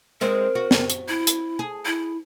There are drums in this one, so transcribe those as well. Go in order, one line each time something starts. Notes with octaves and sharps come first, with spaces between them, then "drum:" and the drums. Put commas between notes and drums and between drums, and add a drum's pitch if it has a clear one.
G#3 C4 D#4 A#4
F#4
drum: snare
drum: hi-hat
E4
drum: hi-hat
G#4
E4